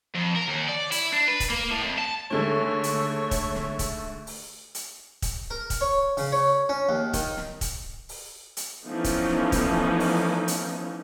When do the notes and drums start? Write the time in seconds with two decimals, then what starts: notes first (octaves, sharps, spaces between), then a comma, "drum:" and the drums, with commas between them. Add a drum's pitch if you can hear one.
0.15 F2
0.36 A#4
0.48 D#2
0.69 D5
0.92 E4, drum: hi-hat
1.13 D4
1.28 B4
1.40 drum: kick, hi-hat
1.50 A#3
1.71 A2
1.83 F2
1.98 A5
2.31 D#2 D3 G#3 A3 C#5
2.84 drum: hi-hat
3.31 drum: kick, hi-hat
3.55 drum: snare
3.79 drum: kick, hi-hat
4.27 drum: open hi-hat
4.75 drum: hi-hat
5.22 drum: kick, hi-hat
5.50 A#4
5.70 drum: kick, hi-hat
5.81 C#5
6.17 C#3, drum: open hi-hat
6.32 C#5
6.69 C#4
6.89 D#2
7.13 D#3, drum: kick, hi-hat
7.37 drum: snare
7.61 drum: kick, hi-hat
8.09 drum: open hi-hat
8.57 drum: hi-hat
8.83 E3 F3 A3 B3 C#4 D#4
9.04 drum: kick, hi-hat
9.28 drum: snare
9.52 drum: kick, hi-hat
10.00 drum: open hi-hat
10.48 drum: hi-hat